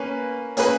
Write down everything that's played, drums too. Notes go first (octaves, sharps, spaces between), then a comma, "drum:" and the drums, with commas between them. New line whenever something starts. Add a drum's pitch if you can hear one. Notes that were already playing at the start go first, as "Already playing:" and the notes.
Already playing: A#3 C#4 B4
A#3 C#4 G#4 B4, drum: hi-hat